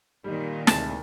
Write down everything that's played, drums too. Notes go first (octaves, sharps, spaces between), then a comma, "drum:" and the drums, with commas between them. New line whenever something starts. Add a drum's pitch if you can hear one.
A#2 D#3 G3
D2 C3 G#3 A5, drum: snare